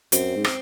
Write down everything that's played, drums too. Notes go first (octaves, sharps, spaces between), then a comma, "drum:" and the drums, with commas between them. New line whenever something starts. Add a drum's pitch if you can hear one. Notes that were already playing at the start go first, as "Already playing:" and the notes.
F#2 C4, drum: hi-hat
G#2
C4, drum: rim click